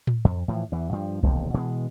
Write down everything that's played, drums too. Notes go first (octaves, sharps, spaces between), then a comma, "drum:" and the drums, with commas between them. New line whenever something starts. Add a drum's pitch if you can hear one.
drum: tom A2
F2
A2 E3 F3
E2 E3
G2 F3
E1 D#2 C3, drum: kick C2
B2 E3 F3 G#3